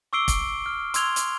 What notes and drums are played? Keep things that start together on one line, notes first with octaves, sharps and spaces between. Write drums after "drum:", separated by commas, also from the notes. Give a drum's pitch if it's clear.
C#6 D6 E6 C7 D7 G7
drum: kick, hi-hat
F6
C6 E6 G#6 F7 G7, drum: hi-hat
drum: hi-hat